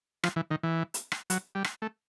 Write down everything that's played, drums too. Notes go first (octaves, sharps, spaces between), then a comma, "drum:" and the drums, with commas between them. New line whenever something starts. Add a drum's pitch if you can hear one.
F3, drum: rim click
E3
D#3
E3
drum: hi-hat
drum: rim click
F#3, drum: hi-hat
G3
drum: rim click
A3